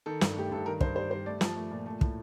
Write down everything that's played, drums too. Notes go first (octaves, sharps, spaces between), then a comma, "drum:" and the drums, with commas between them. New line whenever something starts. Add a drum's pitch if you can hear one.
D#3 A4
G2, drum: snare
A3 G4
G2 A4
D#3 A#4
G2 C5, drum: kick
G3 C5
G3 C5
A3 D5
F3, drum: snare
A3
A#2
A3
A2, drum: kick